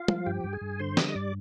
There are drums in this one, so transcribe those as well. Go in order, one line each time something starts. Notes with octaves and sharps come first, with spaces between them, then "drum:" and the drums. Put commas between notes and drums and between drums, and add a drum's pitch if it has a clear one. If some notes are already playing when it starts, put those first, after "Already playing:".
Already playing: F4 F5
F3, drum: tom
G2 G4 G5
G2
G#4 G#5
G2
D3 C5 C6
G3 D#5 D#6, drum: snare
G2 D5 D6